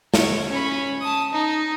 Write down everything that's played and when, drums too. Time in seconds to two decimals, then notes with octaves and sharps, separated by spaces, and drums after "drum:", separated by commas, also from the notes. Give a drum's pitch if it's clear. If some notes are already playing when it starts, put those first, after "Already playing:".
0.14 C#5, drum: snare
0.50 C#4 B5
1.01 A5 D#6
1.32 D#4